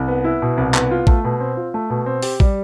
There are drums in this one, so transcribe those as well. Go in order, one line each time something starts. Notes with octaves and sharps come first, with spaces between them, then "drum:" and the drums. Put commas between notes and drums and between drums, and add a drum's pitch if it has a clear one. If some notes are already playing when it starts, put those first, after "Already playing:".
Already playing: C2
B3
E4
B2
C2
B3, drum: clap
F4
A3, drum: kick A1
B2
C4
F4
A3
B2
C4
G4, drum: open hi-hat
G3, drum: kick A1